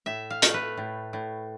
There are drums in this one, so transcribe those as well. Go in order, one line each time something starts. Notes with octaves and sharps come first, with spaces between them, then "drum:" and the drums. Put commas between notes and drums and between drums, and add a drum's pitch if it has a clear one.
A2 E5
F5
A3, drum: hi-hat
B4
A2
A2